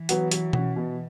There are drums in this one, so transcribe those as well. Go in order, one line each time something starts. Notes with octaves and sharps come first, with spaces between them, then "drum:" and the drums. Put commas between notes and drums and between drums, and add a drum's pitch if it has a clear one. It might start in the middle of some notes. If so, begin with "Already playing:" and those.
Already playing: E3
F#3 B3 F#4, drum: hi-hat
F#3, drum: hi-hat
C#4 F#4, drum: tom B2
B2